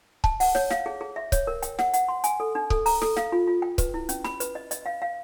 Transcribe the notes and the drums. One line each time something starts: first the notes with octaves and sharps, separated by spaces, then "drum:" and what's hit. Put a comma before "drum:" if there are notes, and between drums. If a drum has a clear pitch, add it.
A5, drum: kick C#1
F#5, drum: open hi-hat
C#5, drum: snare
F5, drum: snare
G#4
G#4
E5
C#5, drum: kick C#1, hi-hat
A#4
G5, drum: hi-hat
F#5, drum: snare
F#5, drum: hi-hat
C6
G#5, drum: hi-hat
A4
D4
A4, drum: kick C#1
A#5, drum: open hi-hat
A4, drum: snare
F5, drum: snare
F4
F4
G5
B4, drum: kick C#1, hi-hat
E4
C#4, drum: hi-hat
B5, drum: snare
B4, drum: hi-hat
D#5
D#5, drum: hi-hat
F5
F5